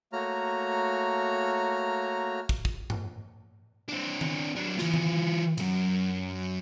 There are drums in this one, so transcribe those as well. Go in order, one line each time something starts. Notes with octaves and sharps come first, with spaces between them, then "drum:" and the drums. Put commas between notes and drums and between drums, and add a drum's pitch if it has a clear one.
A3 A#3 F#4 C#5 A#5 F6
drum: kick
drum: kick
drum: tom G2
C4 D4
drum: tom D#3
F#3 D4
E3 F4, drum: snare
drum: tom D#3
B1 F#2, drum: cymbal